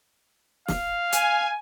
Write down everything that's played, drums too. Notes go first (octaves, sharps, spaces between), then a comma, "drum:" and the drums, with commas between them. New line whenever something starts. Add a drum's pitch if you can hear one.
F5, drum: snare
G#5, drum: hi-hat